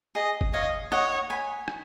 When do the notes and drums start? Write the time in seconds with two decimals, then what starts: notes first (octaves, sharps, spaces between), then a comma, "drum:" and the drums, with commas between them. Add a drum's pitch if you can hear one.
0.15 G#4 D#5
0.41 drum: kick
0.53 C#5 D#5 F5
0.92 C#5 D#5 F#5, drum: rim click
1.30 G#5 B5
1.68 drum: rim click